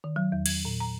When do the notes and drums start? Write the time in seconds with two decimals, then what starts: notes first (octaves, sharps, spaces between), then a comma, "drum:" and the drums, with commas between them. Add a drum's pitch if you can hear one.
0.04 D#3
0.16 F#3
0.32 E2
0.46 G#6, drum: cymbal
0.65 A#2
0.80 A#5